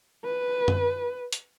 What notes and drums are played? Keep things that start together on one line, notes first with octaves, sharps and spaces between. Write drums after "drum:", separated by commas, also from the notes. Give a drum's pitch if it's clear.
B4
drum: tom F#2
drum: hi-hat